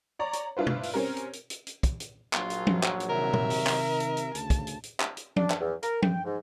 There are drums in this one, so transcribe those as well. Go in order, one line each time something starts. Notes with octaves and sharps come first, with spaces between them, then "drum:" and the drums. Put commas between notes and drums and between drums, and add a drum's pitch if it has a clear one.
C#5 D5 A#5 C#6
drum: hi-hat
D4 E4 F4 B4 C5
drum: tom B2
drum: open hi-hat
C4 C#4 G4 A#4
drum: hi-hat
drum: hi-hat
drum: hi-hat
drum: hi-hat
drum: kick, hi-hat
drum: hi-hat
A#1 F#3 F4, drum: clap
drum: hi-hat
drum: tom F3
drum: clap
drum: hi-hat
C3 D#3 A#4 E5
drum: tom A#2
drum: open hi-hat
drum: clap
drum: hi-hat
drum: hi-hat
D2 C#3 A5, drum: hi-hat
drum: kick, hi-hat
drum: hi-hat
drum: hi-hat
drum: clap
drum: hi-hat
D4, drum: tom F3
drum: clap
E2
A#4, drum: hi-hat
G5, drum: tom F3
G#2